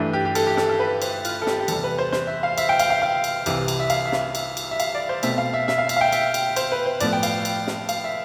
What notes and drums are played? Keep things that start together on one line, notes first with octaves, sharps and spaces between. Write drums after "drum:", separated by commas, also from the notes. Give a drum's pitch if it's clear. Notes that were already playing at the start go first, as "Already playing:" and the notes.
Already playing: G2 E3 A3
G4
G4
A4, drum: cymbal
G4
A4, drum: snare
A4
B4
C5, drum: cymbal
F4, drum: cymbal
A4
G4, drum: snare
G4
E2 C3 G3 A4, drum: cymbal
B4
C5
C5, drum: snare
E5
F5
E5, drum: cymbal
G5
F5, drum: cymbal
F5
F5
drum: cymbal
C2 C3 E3, drum: cymbal
drum: cymbal
E5
F5, drum: cymbal
E5
F5, drum: snare
drum: cymbal
drum: cymbal
E5
F5, drum: cymbal
D5
C5
B2 A3 C4 E5, drum: cymbal
F5
E5
E5, drum: snare
F5
E5, drum: cymbal
F5
G5
E5, drum: cymbal
drum: cymbal
C5, drum: cymbal
B4
C5
A2 F3 B3 D5, drum: cymbal
G5
F5, drum: cymbal
drum: cymbal
drum: snare
F5, drum: cymbal
E5